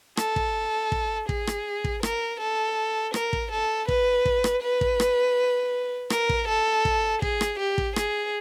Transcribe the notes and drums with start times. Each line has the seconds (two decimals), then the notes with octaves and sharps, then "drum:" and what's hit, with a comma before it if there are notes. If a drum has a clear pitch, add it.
0.17 A4, drum: rim click
0.36 drum: kick
0.92 drum: kick
1.29 G#4, drum: kick
1.47 drum: rim click
1.84 drum: kick
2.03 A#4, drum: rim click
2.40 A4
3.14 A#4, drum: rim click
3.33 drum: kick
3.51 A4
3.88 B4, drum: kick
4.25 drum: kick
4.44 drum: rim click
4.62 B4
4.81 drum: kick
5.00 drum: rim click
6.10 A#4, drum: rim click
6.29 drum: kick
6.48 A4
6.85 drum: kick
7.22 G#4, drum: kick
7.41 drum: rim click
7.59 G4
7.78 drum: kick
7.96 G#4, drum: rim click